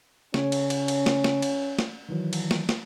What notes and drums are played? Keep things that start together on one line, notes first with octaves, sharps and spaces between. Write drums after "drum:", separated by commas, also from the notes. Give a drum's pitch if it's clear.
C#3 C#4 C#5, drum: snare
drum: cymbal
drum: cymbal
drum: cymbal
drum: snare
drum: snare
drum: cymbal
drum: snare
D#3 E3 F#3
drum: cymbal
drum: snare
drum: snare